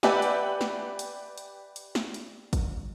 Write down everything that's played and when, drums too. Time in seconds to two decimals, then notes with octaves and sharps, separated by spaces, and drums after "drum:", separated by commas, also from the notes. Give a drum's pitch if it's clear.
0.03 G4 B4 D5 E5 F#5 G#5, drum: snare
0.22 drum: hi-hat
0.61 drum: snare
0.99 drum: hi-hat
1.38 drum: hi-hat
1.76 drum: hi-hat
1.95 drum: snare
2.14 drum: hi-hat
2.53 drum: kick, hi-hat